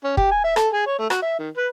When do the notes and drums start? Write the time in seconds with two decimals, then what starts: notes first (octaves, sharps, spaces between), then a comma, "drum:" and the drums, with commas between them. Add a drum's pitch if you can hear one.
0.04 C#4
0.17 G4, drum: kick
0.31 G#5
0.44 E5
0.56 A4, drum: rim click
0.73 G#4
0.86 C#5
0.99 A3
1.10 F#4, drum: rim click
1.22 E5
1.39 D#3
1.57 B4